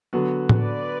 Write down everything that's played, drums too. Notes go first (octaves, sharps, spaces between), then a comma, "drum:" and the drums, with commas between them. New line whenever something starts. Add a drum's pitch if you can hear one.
D3 F#3 B3 F#4
drum: tom A2
B4 D5